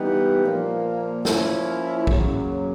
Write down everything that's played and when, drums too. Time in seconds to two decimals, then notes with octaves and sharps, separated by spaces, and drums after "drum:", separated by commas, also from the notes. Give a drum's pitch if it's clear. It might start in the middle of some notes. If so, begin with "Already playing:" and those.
Already playing: E3 G3 B3 D#4 G4
0.43 A#2 F3 A#3
1.25 F3 A#3 C#4 E4, drum: snare
2.07 F#2 C#3 F#3 A#3, drum: kick